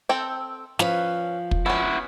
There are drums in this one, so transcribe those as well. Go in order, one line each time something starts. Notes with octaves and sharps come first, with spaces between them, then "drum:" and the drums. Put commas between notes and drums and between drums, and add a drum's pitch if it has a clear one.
C4 A4 G5
F3 C#4 B4, drum: snare
drum: kick
B3 C#4 E4 F#4